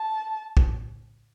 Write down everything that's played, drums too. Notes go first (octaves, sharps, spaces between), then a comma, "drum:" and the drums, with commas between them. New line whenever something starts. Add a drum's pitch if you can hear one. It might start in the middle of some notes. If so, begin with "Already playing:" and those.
Already playing: A5
drum: kick